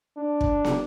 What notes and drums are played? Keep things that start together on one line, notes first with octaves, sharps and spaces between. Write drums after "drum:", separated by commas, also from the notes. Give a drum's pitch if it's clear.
D4
drum: kick
drum: snare